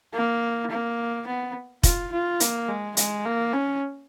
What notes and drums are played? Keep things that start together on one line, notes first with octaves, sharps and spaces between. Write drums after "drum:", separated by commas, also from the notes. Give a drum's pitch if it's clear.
A#3
A#3
B3
F4, drum: kick, hi-hat
F4
A#3, drum: hi-hat
G#3
G#3, drum: hi-hat
A#3
C#4